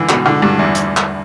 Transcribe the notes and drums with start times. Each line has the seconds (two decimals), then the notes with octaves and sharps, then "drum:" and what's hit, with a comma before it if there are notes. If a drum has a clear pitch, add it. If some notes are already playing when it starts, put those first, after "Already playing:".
Already playing: D3 E3
0.09 B2, drum: clap
0.26 D3
0.42 G2
0.59 E2
0.75 drum: hi-hat
0.97 drum: clap